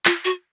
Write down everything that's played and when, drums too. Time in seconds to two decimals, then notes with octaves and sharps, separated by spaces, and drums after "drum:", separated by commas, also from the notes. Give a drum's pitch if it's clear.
0.05 F4, drum: clap
0.25 F#4